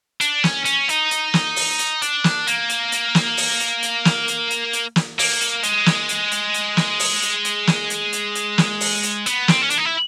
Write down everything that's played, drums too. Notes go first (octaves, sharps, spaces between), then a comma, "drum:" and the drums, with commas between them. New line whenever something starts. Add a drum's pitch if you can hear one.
D4, drum: hi-hat
C#4, drum: snare
C#4, drum: hi-hat
D#4, drum: hi-hat
drum: hi-hat
drum: snare
drum: open hi-hat
drum: hi-hat
D4, drum: hi-hat
drum: snare
A#3, drum: hi-hat
drum: hi-hat
drum: hi-hat
drum: snare
drum: open hi-hat
drum: hi-hat
drum: hi-hat
drum: snare
drum: hi-hat
drum: hi-hat
drum: hi-hat
drum: snare
A#3, drum: open hi-hat
drum: hi-hat
G#3, drum: hi-hat
drum: snare
drum: hi-hat
drum: hi-hat
drum: hi-hat
drum: snare
drum: open hi-hat
drum: hi-hat
drum: hi-hat
drum: snare
drum: hi-hat
drum: hi-hat
drum: hi-hat
drum: snare
drum: open hi-hat
drum: hi-hat
B3, drum: hi-hat
C4, drum: snare
C#4
D4, drum: hi-hat
D#4
E4